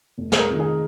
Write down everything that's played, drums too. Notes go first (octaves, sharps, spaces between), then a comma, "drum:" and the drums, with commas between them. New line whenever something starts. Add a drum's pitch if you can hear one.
F1
G#4, drum: snare
A#4
F2 D#3
G#4